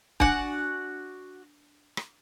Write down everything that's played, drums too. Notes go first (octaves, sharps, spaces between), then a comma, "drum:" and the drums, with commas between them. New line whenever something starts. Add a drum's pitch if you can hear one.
D4 F#4 D5 F#5 G#5, drum: kick
drum: rim click